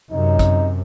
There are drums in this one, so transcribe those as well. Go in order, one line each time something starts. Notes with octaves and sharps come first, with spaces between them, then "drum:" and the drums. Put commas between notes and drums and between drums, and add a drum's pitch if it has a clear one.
F#2 C3 D#4
drum: kick, hi-hat